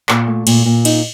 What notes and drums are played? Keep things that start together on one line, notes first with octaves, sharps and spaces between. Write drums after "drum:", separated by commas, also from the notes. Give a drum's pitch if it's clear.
A#2, drum: clap
A3
A#2, drum: cymbal
A#2
D#4, drum: cymbal